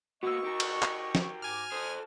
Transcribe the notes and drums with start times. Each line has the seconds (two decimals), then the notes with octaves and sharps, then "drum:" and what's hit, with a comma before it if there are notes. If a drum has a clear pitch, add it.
0.23 A#3 B3 F#4 D#5 C#6 E6
0.44 G4 A#4
0.60 drum: cymbal
0.82 drum: clap
1.15 drum: snare
1.42 G#2 D#4 G#5 D6 F6
1.72 A4 C5 D#6